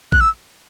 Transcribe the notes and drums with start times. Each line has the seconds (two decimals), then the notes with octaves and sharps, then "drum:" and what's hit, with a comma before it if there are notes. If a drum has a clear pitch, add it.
0.12 F#6, drum: kick A#1
0.21 E6